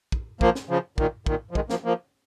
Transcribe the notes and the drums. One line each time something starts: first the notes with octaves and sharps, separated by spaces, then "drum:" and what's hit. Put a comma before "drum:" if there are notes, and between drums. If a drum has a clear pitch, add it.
drum: kick
F3 A#3, drum: kick
drum: snare
C#3 F3
A#2 D#3, drum: kick
A#2 D#3, drum: kick
F3
D#3 G#3, drum: kick
F3 A#3, drum: snare
F3 A#3